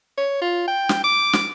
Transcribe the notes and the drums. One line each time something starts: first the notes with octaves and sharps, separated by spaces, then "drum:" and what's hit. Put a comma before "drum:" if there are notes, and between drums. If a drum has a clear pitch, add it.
C#5
F4
G5
drum: snare
D6
drum: snare